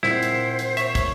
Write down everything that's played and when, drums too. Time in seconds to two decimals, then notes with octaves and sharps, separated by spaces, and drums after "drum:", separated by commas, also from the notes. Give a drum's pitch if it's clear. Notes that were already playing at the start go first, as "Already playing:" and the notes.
0.03 A#2 C4 E4 C5 F#5, drum: snare
0.23 drum: hi-hat
0.59 drum: hi-hat
0.77 C#5 E5, drum: hi-hat
0.95 drum: kick, hi-hat